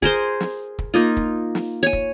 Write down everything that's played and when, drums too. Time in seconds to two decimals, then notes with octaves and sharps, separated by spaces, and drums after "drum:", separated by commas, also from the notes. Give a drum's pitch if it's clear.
0.02 G#4 A#4 C5, drum: kick
0.40 drum: snare
0.79 drum: kick
0.94 A#3 D#4 F4
1.17 drum: kick
1.55 drum: snare
1.83 C#5 G#5
1.93 drum: kick